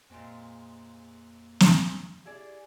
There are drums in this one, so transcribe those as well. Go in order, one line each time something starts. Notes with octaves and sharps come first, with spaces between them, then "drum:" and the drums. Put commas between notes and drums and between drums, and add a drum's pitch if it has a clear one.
F2 A#2 G#3 A#3 C4
drum: snare
E4 G4 G#4 D5